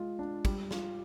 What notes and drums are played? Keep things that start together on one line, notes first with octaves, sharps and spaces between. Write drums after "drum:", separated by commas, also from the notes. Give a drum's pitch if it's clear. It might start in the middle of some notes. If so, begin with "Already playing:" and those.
Already playing: G#3 F4
D4
G3, drum: kick, cymbal
F4, drum: snare